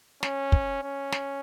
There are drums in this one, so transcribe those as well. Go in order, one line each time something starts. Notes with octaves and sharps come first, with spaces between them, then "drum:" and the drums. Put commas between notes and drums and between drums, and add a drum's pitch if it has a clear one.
C#4, drum: snare
drum: kick
C#4
drum: snare